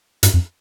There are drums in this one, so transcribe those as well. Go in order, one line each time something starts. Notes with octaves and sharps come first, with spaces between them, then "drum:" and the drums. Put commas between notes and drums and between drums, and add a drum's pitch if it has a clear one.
G2, drum: hi-hat
F2